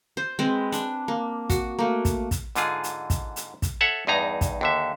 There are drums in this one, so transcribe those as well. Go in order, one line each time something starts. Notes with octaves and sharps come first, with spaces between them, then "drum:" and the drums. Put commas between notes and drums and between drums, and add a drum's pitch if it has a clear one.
C5
G#3 C4 B4
D4, drum: hi-hat
A#3
F#4, drum: kick, hi-hat
A3 A#3
drum: kick, hi-hat
drum: kick, hi-hat
G#2 D3 F4 G#4, drum: hi-hat
drum: hi-hat
drum: kick, hi-hat
drum: hi-hat
drum: kick, hi-hat
A4 C#5 E5 F#5
E2 G2 D#4 G#4 A#5
drum: kick, hi-hat
D#2 D3 E5